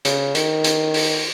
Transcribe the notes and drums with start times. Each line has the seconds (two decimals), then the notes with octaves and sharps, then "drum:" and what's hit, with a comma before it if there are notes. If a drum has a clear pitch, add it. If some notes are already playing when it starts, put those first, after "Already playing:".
0.05 C#3, drum: hi-hat
0.35 D#3, drum: hi-hat
0.64 drum: hi-hat
0.94 drum: open hi-hat